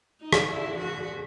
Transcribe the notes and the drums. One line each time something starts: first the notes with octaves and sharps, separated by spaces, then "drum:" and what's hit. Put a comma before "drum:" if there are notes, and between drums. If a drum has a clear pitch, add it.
D#4
drum: rim click
E4
F#4